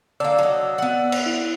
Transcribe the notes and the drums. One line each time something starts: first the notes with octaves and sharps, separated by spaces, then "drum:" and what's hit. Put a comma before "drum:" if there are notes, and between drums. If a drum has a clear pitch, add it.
D3 A#3 D5 E6
F#3 D#5
B3 F#5
drum: cymbal
E4